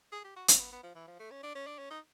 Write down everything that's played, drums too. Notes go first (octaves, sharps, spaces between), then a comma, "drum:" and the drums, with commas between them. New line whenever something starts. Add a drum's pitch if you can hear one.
G#4
G4
F#4
C4, drum: hi-hat
B3
B3
F3
E3
F3
A3
C#4
D4
C#4
D4
C#4
D#4